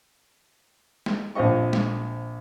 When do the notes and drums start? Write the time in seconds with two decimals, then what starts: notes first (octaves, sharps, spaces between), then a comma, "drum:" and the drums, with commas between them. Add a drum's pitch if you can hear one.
1.06 drum: snare
1.35 A#1 C4 F4 D#5 C#6
1.73 drum: snare